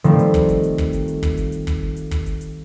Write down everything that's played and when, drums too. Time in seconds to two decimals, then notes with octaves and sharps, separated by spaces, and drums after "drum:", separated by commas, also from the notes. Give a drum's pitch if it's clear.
0.04 D#3 F3 G3 A3 C4, drum: hi-hat
0.19 drum: hi-hat
0.34 drum: kick, hi-hat
0.49 drum: hi-hat
0.63 drum: hi-hat
0.78 drum: kick, hi-hat
0.93 drum: hi-hat
1.08 drum: hi-hat
1.23 drum: kick, hi-hat
1.37 drum: hi-hat
1.52 drum: hi-hat
1.67 drum: kick, hi-hat
1.97 drum: hi-hat
2.11 drum: kick, hi-hat
2.26 drum: hi-hat
2.41 drum: hi-hat